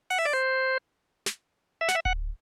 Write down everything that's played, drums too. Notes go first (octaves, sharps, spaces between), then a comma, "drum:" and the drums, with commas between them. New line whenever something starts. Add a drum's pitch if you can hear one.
F#5, drum: open hi-hat
E5
D5
C5
drum: snare
E5
F#5, drum: snare
E5
F#5, drum: kick D1